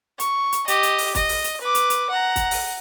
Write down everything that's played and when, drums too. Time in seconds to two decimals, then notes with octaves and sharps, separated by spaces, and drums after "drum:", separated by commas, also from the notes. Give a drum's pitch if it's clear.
0.20 C#6, drum: hi-hat
0.52 drum: hi-hat
0.68 G4 D#5, drum: hi-hat
0.83 drum: hi-hat
0.98 drum: open hi-hat
1.15 D#5, drum: kick, hi-hat
1.29 drum: open hi-hat
1.44 drum: hi-hat
1.61 B4 D6
1.75 drum: hi-hat
1.90 drum: hi-hat
2.10 F#5 A#5
2.36 drum: kick, hi-hat
2.51 drum: open hi-hat